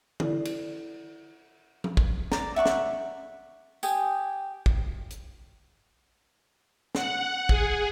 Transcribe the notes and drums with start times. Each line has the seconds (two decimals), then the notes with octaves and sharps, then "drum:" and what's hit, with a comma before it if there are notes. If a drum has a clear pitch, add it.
0.20 E4 A4 D5, drum: tom D3
0.45 drum: cymbal
1.84 drum: tom F3
1.97 drum: kick
2.32 D5 A#5, drum: snare
2.56 E5 F#5 C#6 D6
2.66 drum: snare
3.83 G4 G5 G#5 D#6, drum: tambourine
4.66 drum: kick
5.10 drum: hi-hat
6.95 F#5, drum: snare
7.49 G#4, drum: kick